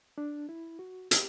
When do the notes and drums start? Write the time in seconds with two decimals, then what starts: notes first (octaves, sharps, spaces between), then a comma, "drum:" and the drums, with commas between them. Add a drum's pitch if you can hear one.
0.18 D4
0.49 E4
0.79 F#4
1.11 G4, drum: hi-hat